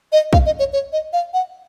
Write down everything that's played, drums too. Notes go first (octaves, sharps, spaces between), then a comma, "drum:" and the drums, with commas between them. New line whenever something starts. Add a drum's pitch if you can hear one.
D#5
F5, drum: kick
D#5
C#5
C#5
D#5
F5
F#5